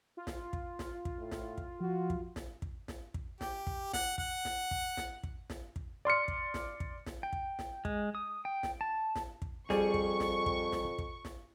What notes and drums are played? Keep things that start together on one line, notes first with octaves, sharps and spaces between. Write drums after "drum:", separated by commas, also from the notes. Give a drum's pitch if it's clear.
F4
drum: snare
drum: kick
drum: snare
drum: kick
A2
drum: snare
drum: kick
F3 F#4
drum: kick
drum: snare
drum: kick
drum: snare
drum: kick
G4, drum: snare
drum: kick
F#5, drum: snare
F#5, drum: kick
drum: snare
drum: kick
drum: snare
drum: kick
drum: snare
drum: kick
D5 C6 F6 C#7
drum: kick
drum: snare
drum: kick
drum: snare
G5
drum: kick
drum: snare
G#3, drum: kick
D#6
G5
drum: snare
A5
drum: snare
drum: kick
F2 G3 G#4 C#6, drum: snare
drum: kick
drum: snare
drum: kick
drum: snare
drum: kick
drum: snare